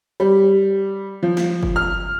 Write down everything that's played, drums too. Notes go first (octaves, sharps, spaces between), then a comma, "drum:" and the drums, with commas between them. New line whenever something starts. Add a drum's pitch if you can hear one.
G3
F3
drum: snare
drum: kick F#1
F6